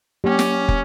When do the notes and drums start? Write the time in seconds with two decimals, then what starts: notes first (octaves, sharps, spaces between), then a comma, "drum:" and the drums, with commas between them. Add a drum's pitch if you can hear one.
0.24 F#3 A#3 C#4 G4
0.39 drum: snare
0.68 drum: kick